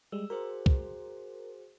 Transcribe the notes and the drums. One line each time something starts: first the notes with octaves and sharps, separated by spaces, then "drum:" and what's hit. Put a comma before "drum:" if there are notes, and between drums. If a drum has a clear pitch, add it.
G3 G#3 E6
F#4 G#4 A#4 C5
drum: kick